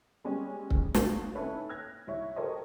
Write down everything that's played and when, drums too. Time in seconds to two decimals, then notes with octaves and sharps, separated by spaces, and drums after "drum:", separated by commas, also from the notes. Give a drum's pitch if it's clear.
0.24 G3 G#3 B3 C#4
0.70 drum: kick C#1
0.94 G2 A#2 F#4 C7, drum: snare
1.35 C#4 D#4 E4 A4 B4 C#5
1.69 F6 F#6 G#6 A#6
2.07 C2 E4 C#5
2.36 G4 A4 A#4 C5 C#5 D#5